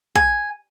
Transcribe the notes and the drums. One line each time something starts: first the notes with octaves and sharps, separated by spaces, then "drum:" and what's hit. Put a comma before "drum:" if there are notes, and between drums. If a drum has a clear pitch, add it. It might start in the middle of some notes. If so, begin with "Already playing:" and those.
G#5, drum: kick